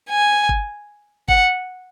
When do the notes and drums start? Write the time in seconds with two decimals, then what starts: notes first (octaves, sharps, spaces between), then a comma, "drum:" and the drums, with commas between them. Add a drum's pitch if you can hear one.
0.10 G#5
0.49 drum: kick G1
1.29 F#5, drum: kick G1